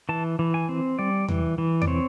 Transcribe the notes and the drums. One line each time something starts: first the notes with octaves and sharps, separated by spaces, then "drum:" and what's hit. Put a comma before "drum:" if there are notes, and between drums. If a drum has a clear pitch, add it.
E3 A5
E3
G#5
C4
G3 D5
E3, drum: tom E2
E3
D5, drum: tom E2
C4 C#5